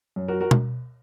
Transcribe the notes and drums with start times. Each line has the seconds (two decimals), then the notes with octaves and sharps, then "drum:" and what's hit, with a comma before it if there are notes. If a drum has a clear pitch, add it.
0.16 F#2
0.28 F#4 A#4
0.40 F#4 A#4
0.51 drum: tom B2